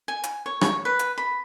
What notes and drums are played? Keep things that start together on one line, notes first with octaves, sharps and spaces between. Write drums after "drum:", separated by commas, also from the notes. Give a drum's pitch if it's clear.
G#5
drum: hi-hat
C#5
C#5, drum: rim click
B4
drum: hi-hat
B5